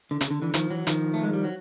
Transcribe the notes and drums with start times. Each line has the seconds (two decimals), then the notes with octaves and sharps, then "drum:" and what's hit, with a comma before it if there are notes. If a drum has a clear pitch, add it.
0.11 D3
0.21 C#3, drum: hi-hat
0.31 D3
0.42 D3 E3
0.54 D#3 F3, drum: hi-hat
0.70 E3 F#3
0.87 D#3 F3, drum: hi-hat
1.14 A3
1.24 G#3
1.33 G3
1.44 F#3